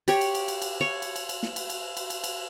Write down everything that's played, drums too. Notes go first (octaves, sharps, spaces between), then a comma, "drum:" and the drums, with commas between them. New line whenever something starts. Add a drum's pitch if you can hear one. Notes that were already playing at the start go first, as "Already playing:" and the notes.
G4 C#5, drum: cymbal
drum: cymbal
drum: cymbal
drum: cymbal
drum: cymbal
C#5
drum: cymbal
drum: cymbal
drum: cymbal
drum: snare
drum: cymbal
drum: cymbal
drum: cymbal
drum: cymbal
drum: cymbal